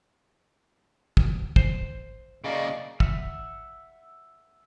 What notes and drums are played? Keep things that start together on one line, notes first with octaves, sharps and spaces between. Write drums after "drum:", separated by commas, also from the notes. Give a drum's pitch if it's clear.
drum: kick
C5, drum: kick
C#3 A#3 G#4 D5 D#5 F5 C#6
E5 F#5, drum: kick